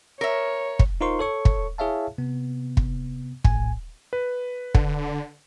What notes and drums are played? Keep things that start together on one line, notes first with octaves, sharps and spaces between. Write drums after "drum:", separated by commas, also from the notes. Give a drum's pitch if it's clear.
A#4 C#5 E5
drum: kick
D#4 F4 A#4 C5 C6 C#6
A4 C#5 C#6
drum: kick
E4 G#4 C#5 E5 F5 A5
C3 B3
drum: kick
A#1 A2 G#5, drum: kick
B4
D3, drum: kick